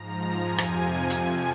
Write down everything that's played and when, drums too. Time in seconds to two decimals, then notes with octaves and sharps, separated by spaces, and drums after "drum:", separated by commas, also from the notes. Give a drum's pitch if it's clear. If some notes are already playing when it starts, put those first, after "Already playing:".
Already playing: G#2 F3 A#5
0.40 F2 C3 F3 G#5
0.58 drum: rim click
1.10 drum: hi-hat